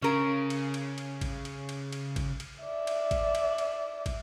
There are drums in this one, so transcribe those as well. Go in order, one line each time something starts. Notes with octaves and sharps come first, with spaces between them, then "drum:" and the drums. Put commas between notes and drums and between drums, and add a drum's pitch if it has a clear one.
C#3 C#4 A#4
drum: cymbal
drum: cymbal
drum: cymbal
drum: kick, cymbal
drum: cymbal
drum: cymbal
drum: cymbal
drum: kick, cymbal
drum: cymbal
D5 E5
drum: cymbal
drum: kick, cymbal
drum: cymbal
drum: cymbal
drum: kick, cymbal